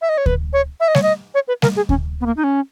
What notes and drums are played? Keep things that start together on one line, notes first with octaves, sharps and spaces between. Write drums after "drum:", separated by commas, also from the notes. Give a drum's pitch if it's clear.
E5
D#5
C#5
B4, drum: kick D2
C#5
E5
D#5
C#5, drum: snare G3
D#5
C#5
B4
A#4, drum: snare G3
G#4
C#4, drum: kick D2
B3
A#3
D#4
C#4